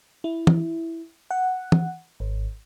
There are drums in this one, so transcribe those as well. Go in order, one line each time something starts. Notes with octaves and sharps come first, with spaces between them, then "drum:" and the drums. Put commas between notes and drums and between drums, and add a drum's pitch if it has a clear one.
E4
drum: tom
F#5
drum: tom
G#1